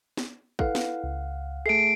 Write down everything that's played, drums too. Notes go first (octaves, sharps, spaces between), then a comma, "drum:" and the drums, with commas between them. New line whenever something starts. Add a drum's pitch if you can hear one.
drum: snare
E4 A4 B4 F5 F#5, drum: kick
drum: snare
C#2
A3 G#4 A4 E5 A5 C7 D7